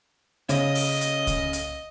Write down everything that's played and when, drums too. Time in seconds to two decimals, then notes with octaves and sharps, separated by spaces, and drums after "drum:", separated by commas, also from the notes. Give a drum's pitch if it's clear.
0.49 C#3 D#5, drum: hi-hat
0.75 drum: open hi-hat
1.01 drum: hi-hat
1.27 drum: kick C#2, hi-hat
1.53 drum: hi-hat